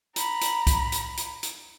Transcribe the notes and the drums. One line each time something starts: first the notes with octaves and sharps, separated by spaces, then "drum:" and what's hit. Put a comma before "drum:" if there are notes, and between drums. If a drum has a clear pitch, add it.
A#5 B5, drum: hi-hat
drum: hi-hat
drum: kick C2, hi-hat
drum: hi-hat
drum: hi-hat
drum: hi-hat